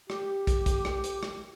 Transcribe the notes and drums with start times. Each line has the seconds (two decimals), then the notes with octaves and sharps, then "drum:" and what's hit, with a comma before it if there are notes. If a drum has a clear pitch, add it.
0.10 G4, drum: rim click
0.47 drum: kick, hi-hat
0.66 drum: kick, hi-hat
0.85 drum: rim click
1.04 drum: hi-hat
1.23 drum: rim click